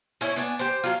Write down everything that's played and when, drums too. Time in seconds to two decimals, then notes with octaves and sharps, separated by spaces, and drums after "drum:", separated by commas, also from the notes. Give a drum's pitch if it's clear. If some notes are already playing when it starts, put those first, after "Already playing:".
0.21 C#4 E4 C#5 D#5, drum: hi-hat
0.36 B3 D4 G#5
0.59 G4 C5, drum: hi-hat
0.84 F#3 F4, drum: hi-hat